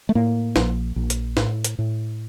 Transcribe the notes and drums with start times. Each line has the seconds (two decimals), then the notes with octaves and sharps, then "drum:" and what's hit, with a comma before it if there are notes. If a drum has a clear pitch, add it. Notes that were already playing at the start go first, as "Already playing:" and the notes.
0.09 A3
0.15 A2 A#3
0.56 A#1, drum: snare
0.96 A#1
1.10 drum: hi-hat
1.37 A2, drum: snare
1.64 drum: hi-hat
1.79 A2